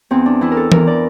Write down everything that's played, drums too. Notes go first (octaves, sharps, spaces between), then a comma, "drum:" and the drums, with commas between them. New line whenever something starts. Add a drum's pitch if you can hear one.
E2 C4
D4
E3 E4
A#4
A4
E2 A#4, drum: tom E3
D5